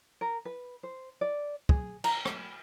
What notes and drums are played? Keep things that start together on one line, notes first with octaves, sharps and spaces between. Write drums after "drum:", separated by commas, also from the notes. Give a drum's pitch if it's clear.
A#4
B4
C5
D5
G#4, drum: kick
A#5, drum: cymbal
B5, drum: rim click